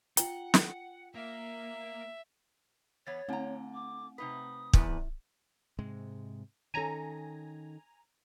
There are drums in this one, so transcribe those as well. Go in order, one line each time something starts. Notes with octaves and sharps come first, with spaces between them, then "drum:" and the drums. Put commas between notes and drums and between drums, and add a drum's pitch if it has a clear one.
F4 F#5 G5 G7, drum: hi-hat
drum: snare
A#3 E5
E3 B3 C#5 G#6 A6
D3 A3 C4 F#5 A#5
D6
C3 D#4 B4 D#6
E2 G#2 B4 A5, drum: kick
G#2 C3 G#3
D#3 C#4 A4 G#5 A#5